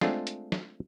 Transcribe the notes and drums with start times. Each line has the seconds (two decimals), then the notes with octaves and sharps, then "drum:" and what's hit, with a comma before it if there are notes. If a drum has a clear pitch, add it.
0.01 G#3 A3 C4 D4 F4 G#4, drum: snare
0.27 drum: hi-hat
0.52 drum: snare